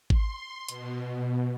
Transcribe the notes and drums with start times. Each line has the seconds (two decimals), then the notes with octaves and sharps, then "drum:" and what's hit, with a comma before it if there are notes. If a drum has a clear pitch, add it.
0.10 C6, drum: kick G#1
0.69 B2, drum: hi-hat